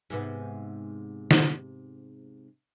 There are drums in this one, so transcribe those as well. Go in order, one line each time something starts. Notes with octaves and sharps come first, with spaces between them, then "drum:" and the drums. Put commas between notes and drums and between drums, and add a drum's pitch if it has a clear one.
G#2 C3 B3
drum: snare